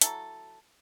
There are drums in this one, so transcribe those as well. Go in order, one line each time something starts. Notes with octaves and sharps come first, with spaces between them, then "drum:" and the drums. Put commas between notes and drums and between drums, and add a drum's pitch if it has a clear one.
F#3 E4 A4, drum: hi-hat